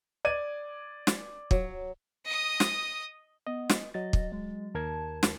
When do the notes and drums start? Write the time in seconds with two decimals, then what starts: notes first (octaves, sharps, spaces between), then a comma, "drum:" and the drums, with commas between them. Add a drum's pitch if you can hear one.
0.25 D5 G#6 D#7
1.07 drum: snare
1.51 F#3, drum: kick
2.25 D#5 D#6
2.60 drum: snare
3.47 B3 D#5
3.69 drum: snare
3.94 F#3 D#5 A6
4.13 drum: kick
4.32 G#3
4.75 D#2 A#4 A5 G#6
5.23 drum: snare